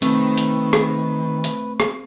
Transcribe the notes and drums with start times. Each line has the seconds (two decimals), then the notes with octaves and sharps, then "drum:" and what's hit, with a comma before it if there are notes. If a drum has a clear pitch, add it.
0.02 D#3 A3 C4 B4, drum: hi-hat
0.37 drum: hi-hat
0.73 drum: rim click
1.44 drum: hi-hat
1.80 drum: rim click